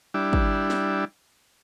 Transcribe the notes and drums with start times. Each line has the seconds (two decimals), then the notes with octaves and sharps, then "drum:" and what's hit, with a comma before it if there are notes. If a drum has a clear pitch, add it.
0.14 G3 D4 E4
0.33 drum: kick
0.70 drum: snare